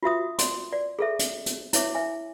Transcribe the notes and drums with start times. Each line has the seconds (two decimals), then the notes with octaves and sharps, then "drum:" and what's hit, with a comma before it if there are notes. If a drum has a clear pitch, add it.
0.03 F4 F#4 E5 D#6
0.38 C6, drum: hi-hat
0.73 D5
0.99 G#4 A4 E5
1.19 drum: hi-hat
1.46 drum: hi-hat
1.73 E4 C#5 E5 D6, drum: hi-hat
1.95 E5 G#5